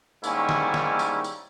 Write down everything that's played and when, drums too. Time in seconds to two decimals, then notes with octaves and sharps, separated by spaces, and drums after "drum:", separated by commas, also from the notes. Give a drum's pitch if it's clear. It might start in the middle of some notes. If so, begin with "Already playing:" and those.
0.24 G#2 D#3 G3 A#3 C#4 E4, drum: tambourine
0.49 drum: snare
0.74 drum: snare
0.99 drum: tambourine
1.24 drum: tambourine